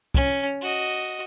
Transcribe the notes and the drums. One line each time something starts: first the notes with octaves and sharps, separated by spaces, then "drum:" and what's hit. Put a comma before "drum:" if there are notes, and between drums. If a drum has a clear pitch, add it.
C#4, drum: kick
F#4 D#5